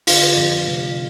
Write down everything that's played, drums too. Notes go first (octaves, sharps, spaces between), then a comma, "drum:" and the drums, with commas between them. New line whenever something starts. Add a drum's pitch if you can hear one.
D3 F4, drum: open hi-hat
F2
F1